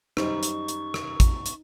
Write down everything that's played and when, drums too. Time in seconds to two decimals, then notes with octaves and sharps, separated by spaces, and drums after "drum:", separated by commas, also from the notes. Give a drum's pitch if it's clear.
0.17 F#2 G3 D#4 C5 C#6, drum: rim click
0.43 drum: hi-hat
0.68 drum: hi-hat
0.94 drum: rim click
1.20 drum: kick, hi-hat
1.46 drum: hi-hat